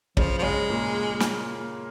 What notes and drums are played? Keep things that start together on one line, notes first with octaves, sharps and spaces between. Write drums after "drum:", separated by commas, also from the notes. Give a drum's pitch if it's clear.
C#3 F3 C#4, drum: kick
F3
C#3 G#3 C#4
A#2 A#3
drum: snare